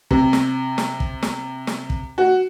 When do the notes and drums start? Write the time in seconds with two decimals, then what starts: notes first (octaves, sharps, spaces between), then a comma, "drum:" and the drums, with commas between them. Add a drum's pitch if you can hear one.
0.11 C3, drum: kick
0.33 drum: snare
0.78 drum: snare
1.00 drum: kick
1.23 drum: snare
1.67 drum: snare
1.90 drum: kick
2.18 F#4